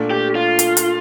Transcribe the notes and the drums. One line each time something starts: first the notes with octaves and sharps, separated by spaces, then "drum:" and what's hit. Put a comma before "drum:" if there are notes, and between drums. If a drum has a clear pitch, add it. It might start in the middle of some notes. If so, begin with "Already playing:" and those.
Already playing: A#2 A3 D4
G4
F4
drum: hi-hat
drum: hi-hat